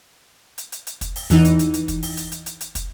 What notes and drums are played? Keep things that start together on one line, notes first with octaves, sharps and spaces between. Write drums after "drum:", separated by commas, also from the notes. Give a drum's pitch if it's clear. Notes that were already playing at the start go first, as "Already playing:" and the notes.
drum: hi-hat
drum: hi-hat
drum: hi-hat
drum: kick, hi-hat
drum: open hi-hat
E2 E3 D#4, drum: hi-hat
drum: hi-hat
drum: hi-hat
drum: hi-hat
drum: kick, hi-hat
drum: open hi-hat
drum: hi-hat
drum: hi-hat
drum: hi-hat
drum: hi-hat
drum: kick, hi-hat